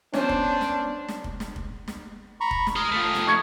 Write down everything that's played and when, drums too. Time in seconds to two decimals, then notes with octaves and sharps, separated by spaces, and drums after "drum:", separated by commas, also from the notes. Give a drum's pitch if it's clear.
0.14 B3 C#4 D4 C5, drum: snare
0.29 drum: kick
0.61 drum: snare
1.08 drum: snare
1.24 drum: kick
1.40 drum: snare
1.56 drum: kick
1.88 drum: snare
2.40 A#5 B5 C#6
2.51 drum: kick
2.67 drum: snare
2.76 G#4 C6 D#6 F6
2.92 F3 A3
3.14 drum: snare
3.27 C#6 G#6 C#7